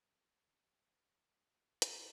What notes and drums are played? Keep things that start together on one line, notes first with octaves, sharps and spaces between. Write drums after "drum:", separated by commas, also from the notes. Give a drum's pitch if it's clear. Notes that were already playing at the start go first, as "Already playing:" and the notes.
B3 C5
D#4
C4 C5
D#5
C5
C5
B3
drum: hi-hat